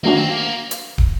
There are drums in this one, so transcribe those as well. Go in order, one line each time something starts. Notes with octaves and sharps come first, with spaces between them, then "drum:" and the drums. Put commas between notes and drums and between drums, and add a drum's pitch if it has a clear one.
D#3 F#3 A3 A#3 D4 F#4
C4
A#3
drum: hi-hat
drum: kick